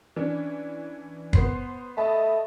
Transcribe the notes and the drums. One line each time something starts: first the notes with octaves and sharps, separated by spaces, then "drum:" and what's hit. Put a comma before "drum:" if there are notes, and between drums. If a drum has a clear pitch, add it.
E3 C#4 D4
B3 C5 C7, drum: kick
A3 D#5 A5 B5